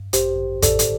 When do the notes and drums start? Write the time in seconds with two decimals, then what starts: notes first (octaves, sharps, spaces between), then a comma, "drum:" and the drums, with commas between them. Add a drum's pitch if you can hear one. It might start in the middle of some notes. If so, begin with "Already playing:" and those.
Already playing: G2
0.13 A1 G4 C5, drum: hi-hat
0.37 A1
0.62 A2 A4 D5, drum: kick, hi-hat
0.79 drum: hi-hat